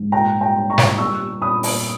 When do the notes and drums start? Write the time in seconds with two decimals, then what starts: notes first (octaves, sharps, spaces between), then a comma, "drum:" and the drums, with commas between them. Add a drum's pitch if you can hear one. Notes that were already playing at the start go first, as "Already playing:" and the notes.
Already playing: G#2
0.12 A#2 G5 A#5
0.34 G3
0.41 G5 A#5
0.56 G3
0.70 A#5 C#6
0.78 A#2, drum: snare
0.98 G3 C#6 E6
1.20 G3
1.42 A#2 B5 D#6
1.63 A#2, drum: open hi-hat